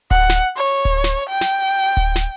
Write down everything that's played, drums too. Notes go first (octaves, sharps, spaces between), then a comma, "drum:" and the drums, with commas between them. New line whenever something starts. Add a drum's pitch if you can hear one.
F#5, drum: kick D1, hi-hat
drum: snare
C#5
drum: hi-hat
drum: kick D1, hi-hat
drum: snare
G5
drum: snare
drum: open hi-hat
drum: hi-hat
drum: kick D1, hi-hat
drum: snare